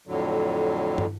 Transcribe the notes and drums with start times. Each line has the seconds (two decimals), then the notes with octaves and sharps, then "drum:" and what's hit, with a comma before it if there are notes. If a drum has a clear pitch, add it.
0.07 F2 A2 D3 F#3
0.98 drum: tom